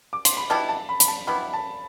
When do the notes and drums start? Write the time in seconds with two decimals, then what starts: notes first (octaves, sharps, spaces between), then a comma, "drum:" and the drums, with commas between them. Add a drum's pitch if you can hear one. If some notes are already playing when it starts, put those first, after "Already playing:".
0.13 D6
0.25 C6, drum: hi-hat
0.37 B5
0.50 B2 G3 B3 E4 A5
0.69 A5
0.89 B5
1.00 B5, drum: hi-hat
1.08 A5
1.27 B2 G3 B3 E4 B5
1.53 A5